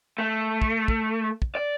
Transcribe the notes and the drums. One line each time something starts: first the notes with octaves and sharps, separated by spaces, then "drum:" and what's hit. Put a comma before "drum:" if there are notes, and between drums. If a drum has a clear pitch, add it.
A3
drum: kick
drum: kick
drum: kick
D5